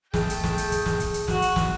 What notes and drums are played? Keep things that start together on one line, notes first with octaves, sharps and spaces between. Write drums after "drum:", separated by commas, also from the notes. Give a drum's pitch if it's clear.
A3 G#4 G5, drum: snare
drum: hi-hat
drum: snare
drum: hi-hat
drum: kick, hi-hat
drum: snare
drum: kick, hi-hat
drum: hi-hat
F#4, drum: snare
drum: hi-hat
drum: snare